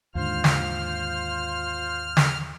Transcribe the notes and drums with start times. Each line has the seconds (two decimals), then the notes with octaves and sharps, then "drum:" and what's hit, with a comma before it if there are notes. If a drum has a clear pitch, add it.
0.15 D#2 G#2 D3 F4 C5 F6
0.44 drum: snare
2.17 drum: snare